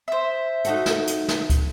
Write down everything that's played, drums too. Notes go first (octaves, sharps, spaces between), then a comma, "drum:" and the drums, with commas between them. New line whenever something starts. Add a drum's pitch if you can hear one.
C5 E5
D#4 F#4 A4, drum: hi-hat
drum: snare
drum: hi-hat
drum: snare
drum: kick, hi-hat